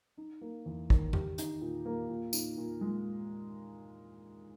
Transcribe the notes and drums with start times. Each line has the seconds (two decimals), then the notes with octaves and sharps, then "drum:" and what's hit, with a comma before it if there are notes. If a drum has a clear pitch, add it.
0.17 D#4
0.41 A#3
0.66 E2
0.90 D#3, drum: kick
1.13 G4, drum: tom F2
1.38 D#4, drum: hi-hat
1.61 A#2
1.86 A#3
2.09 A#2
2.33 D#4, drum: tambourine
2.58 A#2
2.81 G#3